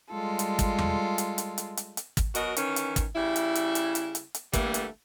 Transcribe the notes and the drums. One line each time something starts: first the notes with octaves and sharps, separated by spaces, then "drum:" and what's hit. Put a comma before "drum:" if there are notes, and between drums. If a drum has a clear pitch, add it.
G3 G#3 F4 A4
drum: hi-hat
drum: kick, hi-hat
drum: tom E2
drum: hi-hat
drum: hi-hat
drum: hi-hat
drum: hi-hat
drum: hi-hat
drum: kick, hi-hat
B2 F#3 F#4 A#4 D#5, drum: hi-hat
D#3 E3 C#4, drum: hi-hat
drum: hi-hat
drum: kick, hi-hat
C#3 G3 E4
drum: hi-hat
drum: hi-hat
drum: hi-hat
drum: hi-hat
drum: hi-hat
drum: hi-hat
D3 E3 G3 A3 A#3, drum: kick, hi-hat
drum: hi-hat